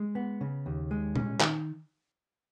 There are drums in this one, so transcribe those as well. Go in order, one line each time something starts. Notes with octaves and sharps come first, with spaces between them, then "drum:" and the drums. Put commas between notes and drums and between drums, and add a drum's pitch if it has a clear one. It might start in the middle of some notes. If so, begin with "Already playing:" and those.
Already playing: G#3
B3
C#3
D#2
G#3
C#4, drum: tom A#2
D#3, drum: clap